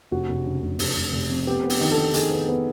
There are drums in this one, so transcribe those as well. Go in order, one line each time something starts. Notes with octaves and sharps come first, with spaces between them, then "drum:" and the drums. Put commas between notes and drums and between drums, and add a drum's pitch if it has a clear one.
F1 F#4
F1
C#3
F1
F1, drum: open hi-hat
F1
F1
F2
B3 G4
B3
G4, drum: open hi-hat
D#3
A4
D#3
D#3 G#4, drum: hi-hat
B3
B3